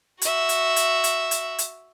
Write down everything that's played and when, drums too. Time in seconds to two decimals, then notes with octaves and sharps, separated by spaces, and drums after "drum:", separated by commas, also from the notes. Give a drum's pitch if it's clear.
0.21 F#4 E5, drum: hi-hat
0.49 drum: hi-hat
0.76 drum: hi-hat
1.04 drum: hi-hat
1.31 drum: hi-hat
1.58 drum: hi-hat